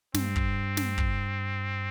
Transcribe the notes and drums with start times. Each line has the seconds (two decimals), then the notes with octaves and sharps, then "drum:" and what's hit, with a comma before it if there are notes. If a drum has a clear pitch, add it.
0.14 G2 C4, drum: snare
0.36 drum: kick
0.77 drum: snare
0.98 drum: kick